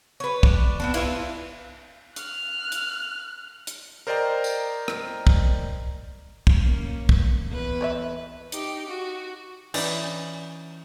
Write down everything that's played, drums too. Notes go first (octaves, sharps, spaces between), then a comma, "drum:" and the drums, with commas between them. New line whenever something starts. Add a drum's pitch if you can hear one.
B4 C#5
D4, drum: kick
B3 C4 D4
E4 F4 B4 E5, drum: cymbal
F6 F#6, drum: hi-hat
drum: hi-hat
drum: hi-hat
A#4 C5 D5 D#5 G5 A#5
drum: tambourine
drum: rim click
drum: kick
drum: kick
A#3 C#4
drum: kick
E2 B4
C#5 D5 E5
D#4 G4, drum: hi-hat
F#4
E3 C#4 D#4 D5, drum: cymbal